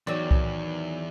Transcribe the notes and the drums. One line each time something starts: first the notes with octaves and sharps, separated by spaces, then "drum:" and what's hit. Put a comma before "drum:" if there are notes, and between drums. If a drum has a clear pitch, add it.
E2 D#3 F#3 D5
drum: kick C2